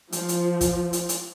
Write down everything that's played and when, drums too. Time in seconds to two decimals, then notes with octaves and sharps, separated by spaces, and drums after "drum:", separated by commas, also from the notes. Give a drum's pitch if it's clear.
0.12 F3, drum: hi-hat
0.29 drum: hi-hat
0.61 drum: kick, hi-hat
0.93 drum: hi-hat
1.09 drum: hi-hat